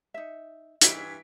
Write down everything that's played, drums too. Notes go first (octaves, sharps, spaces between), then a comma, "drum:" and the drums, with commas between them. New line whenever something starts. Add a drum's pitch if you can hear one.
D#4 E5
G2 E3 D#4 G#6 B6 D7, drum: hi-hat